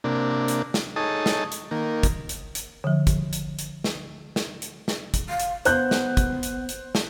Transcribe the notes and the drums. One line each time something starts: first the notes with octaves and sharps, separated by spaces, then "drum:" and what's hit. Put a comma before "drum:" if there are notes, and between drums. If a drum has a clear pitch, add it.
C3 A#3 D4
drum: hi-hat
drum: snare
D#4 G#4 A4 C#5 A5 D#6
drum: snare
drum: hi-hat
D#3 A#3
drum: kick, hi-hat
drum: hi-hat
drum: hi-hat
D3 F3
drum: kick, hi-hat
drum: hi-hat
drum: hi-hat
drum: snare
drum: snare
drum: hi-hat
drum: snare
drum: kick, hi-hat
F5
drum: hi-hat
B3 C5 F#6 G6, drum: hi-hat
drum: snare
drum: kick, hi-hat
drum: hi-hat
drum: hi-hat
drum: snare